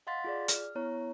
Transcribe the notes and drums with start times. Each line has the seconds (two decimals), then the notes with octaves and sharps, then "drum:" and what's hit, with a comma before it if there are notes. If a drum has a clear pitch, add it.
0.07 D#5 F5 F#5 C6 A6 B6
0.24 F4 G#4 D5
0.48 F6, drum: hi-hat
0.75 B3 E4 C#5 A#5